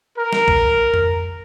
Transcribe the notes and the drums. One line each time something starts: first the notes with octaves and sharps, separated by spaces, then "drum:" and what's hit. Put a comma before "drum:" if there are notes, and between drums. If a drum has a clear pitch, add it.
A#4
drum: snare
drum: kick
drum: tom F2